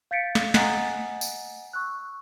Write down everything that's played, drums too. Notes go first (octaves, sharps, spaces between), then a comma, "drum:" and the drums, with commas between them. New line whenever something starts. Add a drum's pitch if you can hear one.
F5 G6 A6 B6 C#7 D7
drum: snare
D#5 F#5 G#5 A#5 D#6 A6, drum: snare
drum: tambourine
C#6 E6 F#6